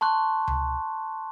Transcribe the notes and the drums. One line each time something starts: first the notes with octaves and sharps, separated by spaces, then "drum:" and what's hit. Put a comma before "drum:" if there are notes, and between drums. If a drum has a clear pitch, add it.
A5 C6 C#6 F#6
drum: tom C#2